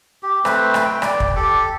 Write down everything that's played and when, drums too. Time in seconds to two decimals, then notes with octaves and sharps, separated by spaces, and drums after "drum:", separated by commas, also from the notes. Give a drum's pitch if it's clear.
0.23 G4
0.45 A3 C4 B4 C5, drum: rim click
0.74 drum: rim click
0.85 G5
1.02 D5, drum: rim click
1.20 drum: kick
1.36 G4 A4